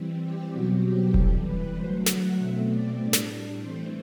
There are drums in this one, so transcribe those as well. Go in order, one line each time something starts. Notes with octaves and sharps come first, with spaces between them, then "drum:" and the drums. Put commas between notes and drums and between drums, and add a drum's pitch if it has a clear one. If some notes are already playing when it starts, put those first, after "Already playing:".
Already playing: E3 G3 C4
G4
B2 F#3 C4 F#4
G4
C3 E3 G3 A4, drum: kick E1
B4
D3 F#3 A3 C5
F#5, drum: snare
B2 A3 C4 E5
D5
A2 G3 D4
drum: snare
E3 A3 C4 C5